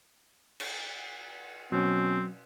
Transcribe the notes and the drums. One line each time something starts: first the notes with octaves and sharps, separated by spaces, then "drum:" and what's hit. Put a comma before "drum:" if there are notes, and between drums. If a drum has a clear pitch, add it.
drum: cymbal
B2 F#3 C4 C#4